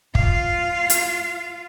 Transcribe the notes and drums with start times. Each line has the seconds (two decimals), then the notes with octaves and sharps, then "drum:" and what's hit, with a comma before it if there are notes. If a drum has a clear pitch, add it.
0.15 F4 F5, drum: kick
0.90 drum: hi-hat